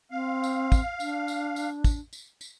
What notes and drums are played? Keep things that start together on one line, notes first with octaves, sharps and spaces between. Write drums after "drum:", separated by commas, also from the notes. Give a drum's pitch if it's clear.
C4 F5
drum: tambourine
drum: kick, tambourine
D4, drum: tambourine
drum: tambourine
drum: tambourine
drum: kick, tambourine
drum: tambourine
drum: tambourine